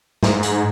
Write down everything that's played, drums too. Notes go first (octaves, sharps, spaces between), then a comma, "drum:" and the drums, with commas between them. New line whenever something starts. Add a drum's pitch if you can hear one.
G#2, drum: snare
drum: hi-hat